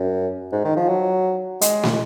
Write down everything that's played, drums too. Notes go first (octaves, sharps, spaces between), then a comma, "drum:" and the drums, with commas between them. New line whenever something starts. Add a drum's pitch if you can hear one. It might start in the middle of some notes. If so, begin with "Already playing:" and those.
Already playing: F#2
G#2
D#3
F3
F#3
G#3, drum: hi-hat
drum: snare